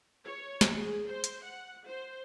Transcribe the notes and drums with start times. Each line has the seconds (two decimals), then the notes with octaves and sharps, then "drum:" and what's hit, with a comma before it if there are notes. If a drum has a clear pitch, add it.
0.25 C#5
0.61 drum: snare
0.77 G#4
1.08 C5
1.24 drum: hi-hat
1.44 F#5
1.87 C5